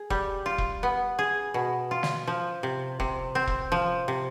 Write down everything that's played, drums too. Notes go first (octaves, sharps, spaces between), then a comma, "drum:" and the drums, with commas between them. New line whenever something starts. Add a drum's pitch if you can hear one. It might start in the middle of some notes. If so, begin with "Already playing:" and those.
Already playing: G#4
G3, drum: kick E1
F4
drum: kick E1
B3
G#4
B2
F4
drum: snare
F3
C3
C3, drum: kick E1
C4
drum: kick E1
F3
C3